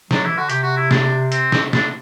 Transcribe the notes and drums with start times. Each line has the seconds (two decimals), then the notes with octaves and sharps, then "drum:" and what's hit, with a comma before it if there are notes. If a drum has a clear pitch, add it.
0.11 F#3 D4, drum: snare
0.25 E3 E4
0.37 D3 F#4
0.49 C3 G4, drum: hi-hat
0.63 F#4
0.77 E4
0.91 D4, drum: snare
1.32 C4, drum: hi-hat
1.52 drum: snare
1.73 D4, drum: snare